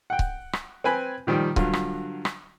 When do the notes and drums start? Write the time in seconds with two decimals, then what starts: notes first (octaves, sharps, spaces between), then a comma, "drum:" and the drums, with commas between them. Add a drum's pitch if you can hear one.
0.10 F#5 G5
0.19 drum: kick C#1
0.53 drum: rim click
0.84 C4 B4 G#5 B5
1.27 A#2 D#3 F3 G3
1.56 G2 D3 F#3 F4, drum: kick C#1
1.73 drum: rim click
2.25 drum: rim click